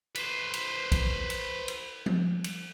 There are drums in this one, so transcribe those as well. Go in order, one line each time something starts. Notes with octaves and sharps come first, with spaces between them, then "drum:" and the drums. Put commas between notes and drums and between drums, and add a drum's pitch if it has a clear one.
B4 C5, drum: cymbal
drum: cymbal
drum: kick, cymbal
drum: cymbal
drum: cymbal
drum: tom F3
drum: cymbal